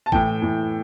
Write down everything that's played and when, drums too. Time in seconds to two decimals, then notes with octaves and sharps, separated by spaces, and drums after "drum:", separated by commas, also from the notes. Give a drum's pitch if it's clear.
0.06 A5
0.12 A2 E3 G5, drum: kick G#1
0.42 A2 E3